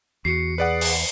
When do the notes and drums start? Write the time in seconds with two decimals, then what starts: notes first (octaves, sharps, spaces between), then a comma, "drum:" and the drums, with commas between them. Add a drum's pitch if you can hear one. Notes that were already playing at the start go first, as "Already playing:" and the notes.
0.25 E2 F#4 C7 C#7
0.58 G#4 B4 D5 F#5
0.81 drum: open hi-hat